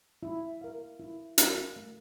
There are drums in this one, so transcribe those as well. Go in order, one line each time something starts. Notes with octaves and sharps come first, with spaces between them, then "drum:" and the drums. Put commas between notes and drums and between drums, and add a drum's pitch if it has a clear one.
E4
A#4 F5
E4
A#4 F5, drum: hi-hat
A3